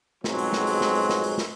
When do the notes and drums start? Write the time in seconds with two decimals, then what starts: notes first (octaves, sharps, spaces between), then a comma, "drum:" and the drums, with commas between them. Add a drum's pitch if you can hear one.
0.24 F2 G#2 B2 F#3 G#3 C4, drum: snare
0.38 drum: open hi-hat
0.53 drum: snare
0.67 drum: open hi-hat
0.81 drum: snare
0.95 drum: open hi-hat
1.09 drum: snare
1.24 drum: open hi-hat
1.38 drum: snare